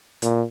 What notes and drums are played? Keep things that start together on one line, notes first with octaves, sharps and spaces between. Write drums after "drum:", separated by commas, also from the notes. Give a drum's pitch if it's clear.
A#2, drum: hi-hat